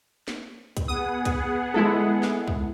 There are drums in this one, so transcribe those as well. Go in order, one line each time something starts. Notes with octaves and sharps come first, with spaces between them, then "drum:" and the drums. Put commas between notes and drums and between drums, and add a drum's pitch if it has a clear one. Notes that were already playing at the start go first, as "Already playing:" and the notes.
drum: snare
drum: kick C2, hi-hat
B3 G#4 F#5 D#6
drum: kick C2, hi-hat
G#3 E4 A4, drum: tom
drum: snare
drum: kick C2